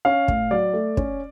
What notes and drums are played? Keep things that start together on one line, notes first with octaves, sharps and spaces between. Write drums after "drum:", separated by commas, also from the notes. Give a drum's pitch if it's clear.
C#4 F5
A2, drum: kick
F#3 D5
A3
C#4, drum: kick